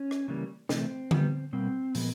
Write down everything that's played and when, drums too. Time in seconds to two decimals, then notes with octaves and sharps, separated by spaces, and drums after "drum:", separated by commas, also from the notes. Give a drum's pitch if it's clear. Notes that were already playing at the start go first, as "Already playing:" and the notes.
Already playing: C#4
0.11 drum: rim click
0.28 C#3 E3 G3 A#3
0.69 C3 E3 A3 C4, drum: snare
1.11 D#3 G3 B3, drum: tom D3
1.53 B2 G3 A#3 C4
1.95 A#2 F3 G#3 B3, drum: open hi-hat